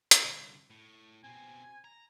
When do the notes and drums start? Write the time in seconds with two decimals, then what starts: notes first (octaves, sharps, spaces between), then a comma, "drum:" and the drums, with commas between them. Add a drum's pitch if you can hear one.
0.11 drum: hi-hat
0.25 C2 D3
0.70 A2
1.24 B2 C4 G#5
1.84 A#5